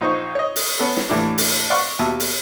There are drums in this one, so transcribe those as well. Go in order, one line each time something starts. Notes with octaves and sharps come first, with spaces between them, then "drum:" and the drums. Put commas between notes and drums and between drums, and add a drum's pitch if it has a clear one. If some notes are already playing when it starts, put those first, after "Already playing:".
A#1 D#4 C5 C#6
C#5 D#5
drum: open hi-hat
B3 C#4 A4
drum: snare
D#2 A2 E3 A3 D4
drum: open hi-hat
D5 F5 F#5 C6 C#6
D#2 B2 E5 A5
drum: open hi-hat